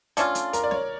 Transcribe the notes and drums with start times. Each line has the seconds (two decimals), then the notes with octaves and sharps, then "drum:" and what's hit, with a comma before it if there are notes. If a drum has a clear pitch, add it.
0.17 D3 A3 C#4 F4 D5, drum: hi-hat
0.35 drum: hi-hat
0.53 A#4, drum: hi-hat
0.64 D5
0.71 C#5, drum: snare